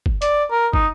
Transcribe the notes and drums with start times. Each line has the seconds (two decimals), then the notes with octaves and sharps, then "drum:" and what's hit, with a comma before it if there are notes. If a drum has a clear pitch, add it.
0.06 drum: kick
0.22 D5, drum: hi-hat
0.51 A#4
0.73 D#4, drum: kick